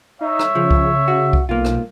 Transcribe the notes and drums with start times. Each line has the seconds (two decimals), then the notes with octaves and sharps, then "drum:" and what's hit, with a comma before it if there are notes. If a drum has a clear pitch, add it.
0.21 D#4 C#5 E5
0.39 drum: rim click
0.55 C#3 F3
0.71 drum: kick C2
1.08 F#4
1.33 drum: kick C2
1.49 B1 A#3 F4
1.65 drum: rim click